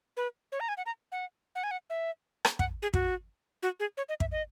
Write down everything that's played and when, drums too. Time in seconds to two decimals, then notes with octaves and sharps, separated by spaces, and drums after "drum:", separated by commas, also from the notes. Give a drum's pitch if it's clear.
0.17 B4
0.52 C#5
0.60 A#5
0.69 G#5
0.77 F#5
0.86 A#5
1.12 F#5
1.55 F#5
1.63 G#5
1.71 F#5
1.90 E5
2.45 drum: rim click
2.59 F#5, drum: kick
2.82 G#4
2.94 F#4, drum: kick
3.63 F#4
3.80 G#4
3.97 C#5
4.09 D#5
4.20 E5, drum: kick
4.32 D#5